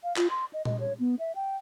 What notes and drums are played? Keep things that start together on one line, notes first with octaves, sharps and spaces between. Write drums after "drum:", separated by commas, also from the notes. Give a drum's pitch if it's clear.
F5
F4, drum: clap
C6
D#5
D#5, drum: tom A#2
C#5
B3
E5
G5